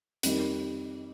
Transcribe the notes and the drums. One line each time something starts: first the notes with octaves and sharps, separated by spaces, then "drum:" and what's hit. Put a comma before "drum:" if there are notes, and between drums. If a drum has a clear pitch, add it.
F2 D#3 G3 A#3 D#4, drum: hi-hat